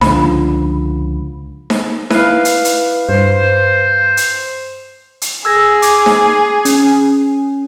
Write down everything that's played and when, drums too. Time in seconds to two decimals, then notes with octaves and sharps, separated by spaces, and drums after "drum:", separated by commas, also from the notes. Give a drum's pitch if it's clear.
0.01 C#2 D3 F3 B5, drum: snare D#4
1.70 drum: snare D#4
2.10 E4 B4 F5, drum: snare D#4
2.45 drum: hi-hat
2.65 drum: hi-hat
3.09 G2 C5
4.17 drum: hi-hat
5.22 drum: hi-hat
5.45 G#4 E6 G#6 A#6
5.82 D6 G#6, drum: hi-hat
6.06 drum: snare D#4
6.65 C#4, drum: hi-hat